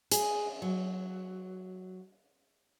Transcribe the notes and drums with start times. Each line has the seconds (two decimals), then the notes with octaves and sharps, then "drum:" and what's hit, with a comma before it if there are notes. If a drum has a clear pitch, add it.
0.12 G#4, drum: hi-hat
0.62 F#3